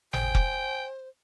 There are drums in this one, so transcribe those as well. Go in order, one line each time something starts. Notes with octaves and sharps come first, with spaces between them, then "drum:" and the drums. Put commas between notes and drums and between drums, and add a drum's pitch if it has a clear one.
C5 G5 G#5, drum: tom G#1
drum: kick F1